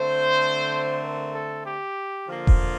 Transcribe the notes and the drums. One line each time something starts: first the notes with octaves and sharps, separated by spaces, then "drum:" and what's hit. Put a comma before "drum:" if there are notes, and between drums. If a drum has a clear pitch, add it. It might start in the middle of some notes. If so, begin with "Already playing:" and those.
Already playing: D3 A3 C4 C5
A#4
A4
G4
D3 F3 A#3 F4
drum: kick E1